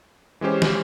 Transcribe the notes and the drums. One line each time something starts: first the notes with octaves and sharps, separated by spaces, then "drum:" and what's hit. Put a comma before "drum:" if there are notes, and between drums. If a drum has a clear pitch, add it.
E3 G#3 C#4 G4 C5
drum: snare